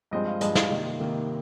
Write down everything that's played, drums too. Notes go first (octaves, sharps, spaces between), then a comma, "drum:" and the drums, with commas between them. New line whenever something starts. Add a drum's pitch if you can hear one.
G2 F3 G#3 C4 D#5
F5
G2 F3 G#3 C4 D#5, drum: hi-hat
F5, drum: snare
C3 D#3 A#3 D#5
C3 D#3 A#3